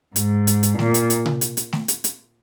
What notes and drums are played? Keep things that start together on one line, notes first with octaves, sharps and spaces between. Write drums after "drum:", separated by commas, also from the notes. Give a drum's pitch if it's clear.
G#2, drum: hi-hat
drum: hi-hat
drum: hi-hat
A#2, drum: snare A3
drum: hi-hat
drum: hi-hat
drum: tom C3
drum: hi-hat
drum: hi-hat
drum: snare A3
drum: hi-hat
drum: hi-hat